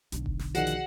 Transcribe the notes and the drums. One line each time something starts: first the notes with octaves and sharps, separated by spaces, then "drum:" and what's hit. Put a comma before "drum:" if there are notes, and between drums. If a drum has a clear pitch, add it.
B1 D3, drum: hi-hat
drum: kick F1
drum: snare
D#3 F3 F#4 G#4 D5 F#5, drum: hi-hat
drum: hi-hat